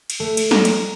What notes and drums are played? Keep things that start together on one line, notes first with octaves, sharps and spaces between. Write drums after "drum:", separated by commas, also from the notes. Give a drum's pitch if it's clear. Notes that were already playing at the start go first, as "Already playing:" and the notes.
drum: cymbal
A3
drum: cymbal
A#5, drum: snare
drum: cymbal